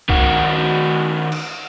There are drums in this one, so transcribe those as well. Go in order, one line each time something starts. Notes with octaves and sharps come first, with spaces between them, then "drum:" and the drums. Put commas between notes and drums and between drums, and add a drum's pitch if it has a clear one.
D#3 F#4, drum: kick C2
drum: cymbal